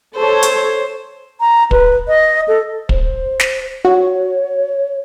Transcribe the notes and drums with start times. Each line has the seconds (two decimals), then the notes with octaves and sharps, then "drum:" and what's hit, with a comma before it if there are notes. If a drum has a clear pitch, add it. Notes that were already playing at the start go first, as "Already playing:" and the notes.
0.16 A4 C5 C#5
0.43 drum: hi-hat
1.40 A#5
1.71 B4, drum: kick
2.08 D#5
2.48 A4
2.89 C5, drum: kick
3.40 drum: snare
3.85 F#4 C#5